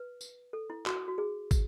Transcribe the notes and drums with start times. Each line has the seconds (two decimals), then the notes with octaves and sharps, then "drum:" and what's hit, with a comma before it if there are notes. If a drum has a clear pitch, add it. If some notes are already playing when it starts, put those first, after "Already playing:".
Already playing: B4
0.21 drum: tambourine
0.53 A4
0.70 E4
0.86 F#4, drum: clap
1.08 F#4
1.18 G#4
1.51 drum: kick, tambourine